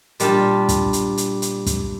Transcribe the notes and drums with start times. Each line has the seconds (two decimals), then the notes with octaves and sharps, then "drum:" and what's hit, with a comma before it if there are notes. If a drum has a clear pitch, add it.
0.20 A#2 G3 D4 F4 G4 A5, drum: hi-hat
0.69 drum: kick, hi-hat
0.93 drum: hi-hat
1.17 drum: hi-hat
1.42 drum: hi-hat
1.66 drum: kick, hi-hat